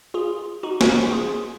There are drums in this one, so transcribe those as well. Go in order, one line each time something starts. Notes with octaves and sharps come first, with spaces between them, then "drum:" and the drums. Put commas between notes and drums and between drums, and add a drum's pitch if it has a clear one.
F4 G#4
D#4 F#4
drum: snare
F4 G#4